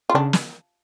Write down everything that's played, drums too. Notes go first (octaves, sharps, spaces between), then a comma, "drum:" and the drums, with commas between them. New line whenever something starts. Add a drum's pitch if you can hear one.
F4
C#3 D4
drum: snare